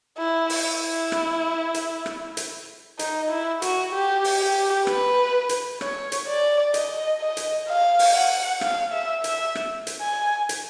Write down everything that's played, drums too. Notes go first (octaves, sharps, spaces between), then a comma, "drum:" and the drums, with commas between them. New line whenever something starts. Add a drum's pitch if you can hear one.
E4
drum: open hi-hat
E4
drum: rim click
drum: hi-hat
drum: rim click
drum: hi-hat
D#4, drum: hi-hat
E4
F#4, drum: hi-hat
G4
drum: open hi-hat
G4
B4, drum: rim click
drum: hi-hat
C#5, drum: rim click
drum: hi-hat
D5
D#5, drum: hi-hat
D#5
drum: hi-hat
F5
drum: open hi-hat
F#5
F5, drum: rim click
E5
E5, drum: hi-hat
drum: rim click
drum: hi-hat
G#5
drum: hi-hat